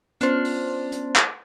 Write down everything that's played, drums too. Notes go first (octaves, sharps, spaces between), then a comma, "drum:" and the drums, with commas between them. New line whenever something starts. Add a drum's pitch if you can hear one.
B3 C#4 D4 F4 C5, drum: hi-hat
drum: open hi-hat
drum: hi-hat
drum: clap